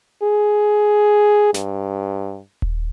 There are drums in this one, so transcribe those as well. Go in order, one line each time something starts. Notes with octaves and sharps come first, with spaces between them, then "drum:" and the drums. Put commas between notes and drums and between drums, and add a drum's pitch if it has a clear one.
G#4
G2, drum: snare
drum: kick D#1